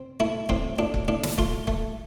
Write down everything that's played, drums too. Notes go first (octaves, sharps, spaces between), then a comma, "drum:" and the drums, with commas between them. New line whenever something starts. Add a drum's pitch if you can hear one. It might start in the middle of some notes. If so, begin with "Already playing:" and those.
Already playing: C4
A3 E4
A2 C4, drum: kick C#1
A2 D4
drum: kick C#1
A2 D4
drum: snare
A3 F4, drum: kick C#1
A3, drum: kick C#1